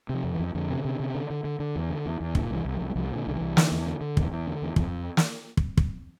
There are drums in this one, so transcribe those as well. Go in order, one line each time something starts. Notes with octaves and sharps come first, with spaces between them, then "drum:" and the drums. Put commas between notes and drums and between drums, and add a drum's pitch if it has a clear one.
C3 F3
F2
E3
F2
F2 D3
C3
C3
C3
D3
D3
D3
D3
E2
D3
E2
E2
A#2 D3, drum: kick
C2 E3
C2
F3
C2
G3
C2 F3
A#2 D3
C2 D3
E3
C2
D3, drum: snare
E2
D3
D3
E2, drum: kick
E2
D3
E2
F2 E3, drum: kick
drum: snare
drum: kick
drum: kick